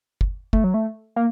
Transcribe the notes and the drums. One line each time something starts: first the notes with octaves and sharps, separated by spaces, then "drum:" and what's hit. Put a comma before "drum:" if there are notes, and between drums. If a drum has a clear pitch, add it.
drum: kick
A3, drum: kick
F#3
A3
A#3